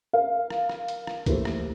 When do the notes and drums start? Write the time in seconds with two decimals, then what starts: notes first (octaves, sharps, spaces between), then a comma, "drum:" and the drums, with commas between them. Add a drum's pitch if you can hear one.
0.13 A#4 F5
0.50 drum: rim click
0.69 drum: rim click
0.88 drum: hi-hat
1.07 drum: rim click
1.26 E3 A3 A#3 E4 G4 C5, drum: kick, hi-hat
1.45 drum: rim click